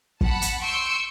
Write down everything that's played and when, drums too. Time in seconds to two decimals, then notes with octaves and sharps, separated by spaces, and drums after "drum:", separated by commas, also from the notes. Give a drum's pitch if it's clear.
0.21 F#5 A5 B5, drum: kick
0.42 drum: hi-hat
0.60 C6 C#6 E6 G6 D7